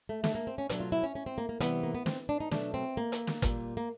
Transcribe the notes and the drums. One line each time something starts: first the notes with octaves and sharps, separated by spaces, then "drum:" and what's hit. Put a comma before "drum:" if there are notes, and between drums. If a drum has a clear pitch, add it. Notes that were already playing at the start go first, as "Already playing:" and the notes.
A3
A3, drum: snare
A#3
C4
C#4
B2 F#3 A3 D4, drum: hi-hat
F4
E4
C#4
C#4
C4
A#3
A#3
C3 E3 G3 B3, drum: hi-hat
A#3
B3
C4, drum: snare
D4
D#4
B2 F#3 A3 D4, drum: snare
C4
A#3
drum: hi-hat
drum: snare
A#2 G3, drum: kick, hi-hat
A#3